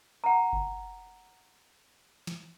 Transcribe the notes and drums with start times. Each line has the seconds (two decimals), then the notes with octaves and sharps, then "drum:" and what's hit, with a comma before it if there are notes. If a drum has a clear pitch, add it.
0.24 F#5 A#5
0.53 drum: kick F#1
2.27 drum: snare